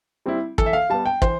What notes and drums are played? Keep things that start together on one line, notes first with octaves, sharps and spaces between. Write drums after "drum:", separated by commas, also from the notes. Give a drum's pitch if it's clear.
G3 C4 E4
E3 A4, drum: kick
E5
F5
G3 B3 A5
G5
E3 C5, drum: kick